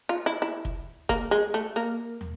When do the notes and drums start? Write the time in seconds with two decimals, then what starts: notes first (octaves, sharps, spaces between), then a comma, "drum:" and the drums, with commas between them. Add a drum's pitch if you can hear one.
0.09 F4
0.26 E4
0.42 E4
0.65 drum: kick
1.09 A#3, drum: kick
1.31 G#3
1.54 A3
1.76 A#3
2.21 drum: tom